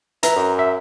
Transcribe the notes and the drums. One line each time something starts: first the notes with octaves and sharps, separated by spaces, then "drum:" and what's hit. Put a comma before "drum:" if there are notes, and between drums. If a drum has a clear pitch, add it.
E3 A#5, drum: hi-hat
F#2
E5